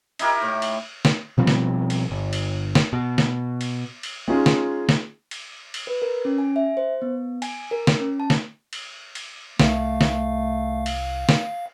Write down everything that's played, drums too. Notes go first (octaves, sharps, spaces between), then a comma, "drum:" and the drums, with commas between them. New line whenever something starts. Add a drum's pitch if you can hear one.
D#4 E4 G4 A#4, drum: cymbal
A2
drum: cymbal
drum: snare
B2 F3 G3 C4
drum: snare
drum: cymbal
G1
drum: cymbal
drum: snare
B2
drum: snare
drum: cymbal
drum: cymbal
G#3 C#4 D#4 F4 G#4
drum: snare
drum: snare
drum: cymbal
drum: cymbal
B4
A#4
C#4
G#5
E5
C5
B3
G#5, drum: cymbal
A#4
drum: snare
C#4
A5
drum: snare
drum: cymbal
drum: cymbal
C2 A3 F5, drum: snare
drum: snare
drum: cymbal
drum: snare